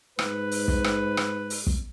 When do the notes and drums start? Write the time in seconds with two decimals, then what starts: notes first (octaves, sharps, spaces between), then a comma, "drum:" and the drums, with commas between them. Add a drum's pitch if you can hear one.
0.19 G#2 B4, drum: rim click
0.51 drum: open hi-hat
0.68 drum: kick
0.84 drum: rim click
1.17 drum: rim click
1.50 drum: open hi-hat
1.67 drum: kick